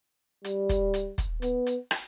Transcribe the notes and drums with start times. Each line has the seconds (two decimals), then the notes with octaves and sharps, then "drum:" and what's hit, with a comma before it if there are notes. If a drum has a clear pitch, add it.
0.44 G3, drum: hi-hat
0.69 drum: kick, hi-hat
0.94 drum: hi-hat
1.18 drum: kick, hi-hat
1.42 B3, drum: hi-hat
1.66 drum: hi-hat
1.91 drum: rim click